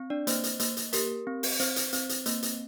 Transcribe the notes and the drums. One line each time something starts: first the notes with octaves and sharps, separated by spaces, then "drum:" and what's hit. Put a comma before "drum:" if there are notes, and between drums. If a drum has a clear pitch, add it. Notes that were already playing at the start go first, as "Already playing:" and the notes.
Already playing: C4
D4 D5
A#3 C5, drum: hi-hat
drum: hi-hat
A#3, drum: hi-hat
drum: hi-hat
G4 A#4, drum: hi-hat
C4
drum: open hi-hat
C4 C5, drum: hi-hat
drum: hi-hat
C4, drum: hi-hat
drum: hi-hat
A#3, drum: hi-hat
drum: hi-hat